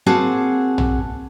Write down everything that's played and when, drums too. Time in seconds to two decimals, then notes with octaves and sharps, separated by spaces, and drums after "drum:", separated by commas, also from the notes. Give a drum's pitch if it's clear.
0.06 A#3 C4 F#4 G#4 F#5 A5
0.78 drum: tom A#1